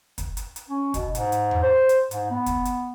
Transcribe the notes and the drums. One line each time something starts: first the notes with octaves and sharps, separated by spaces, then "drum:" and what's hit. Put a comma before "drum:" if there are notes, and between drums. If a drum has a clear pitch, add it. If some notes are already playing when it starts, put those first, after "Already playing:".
drum: kick, hi-hat
drum: hi-hat
drum: hi-hat
C#4
B2, drum: kick, hi-hat
G#2, drum: hi-hat
drum: hi-hat
drum: tom E2
C5
drum: hi-hat
G#2, drum: hi-hat
B3
drum: kick, hi-hat
drum: hi-hat